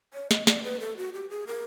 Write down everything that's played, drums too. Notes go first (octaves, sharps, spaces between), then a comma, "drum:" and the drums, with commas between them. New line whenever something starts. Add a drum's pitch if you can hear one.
C#5
D#5, drum: snare
D5, drum: snare
B4
A4
F#4
G4
G#4
A#4